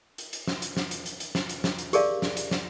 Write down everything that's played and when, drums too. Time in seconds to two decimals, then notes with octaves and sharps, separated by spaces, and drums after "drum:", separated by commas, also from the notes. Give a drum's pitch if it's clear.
0.18 drum: hi-hat
0.33 drum: hi-hat
0.47 drum: snare
0.62 drum: hi-hat
0.77 drum: snare
0.91 drum: hi-hat
1.06 drum: hi-hat
1.20 drum: hi-hat
1.35 drum: snare
1.49 drum: hi-hat
1.64 drum: snare
1.79 drum: hi-hat
1.93 G4 G#4 A#4 D5 E5 F5, drum: hi-hat
2.22 drum: snare
2.37 drum: hi-hat
2.51 drum: snare